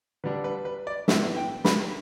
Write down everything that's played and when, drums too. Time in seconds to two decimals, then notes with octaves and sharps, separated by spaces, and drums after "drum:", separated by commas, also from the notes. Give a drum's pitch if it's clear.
0.24 D3 G3 D4 B4
0.44 B4
0.65 B4
0.87 D5
1.08 A2 E3 B3 E5, drum: snare
1.37 G5
1.65 B5, drum: snare